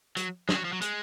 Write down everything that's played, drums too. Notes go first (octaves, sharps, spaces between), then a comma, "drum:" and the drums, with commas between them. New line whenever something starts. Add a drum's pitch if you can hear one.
F#3, drum: hi-hat
G#3, drum: snare
F#3
F3
F#3
G#3, drum: hi-hat